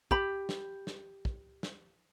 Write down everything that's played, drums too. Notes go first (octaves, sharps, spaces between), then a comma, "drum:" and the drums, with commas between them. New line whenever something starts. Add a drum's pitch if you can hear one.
G4 B5, drum: kick
drum: snare
drum: snare
drum: kick
drum: snare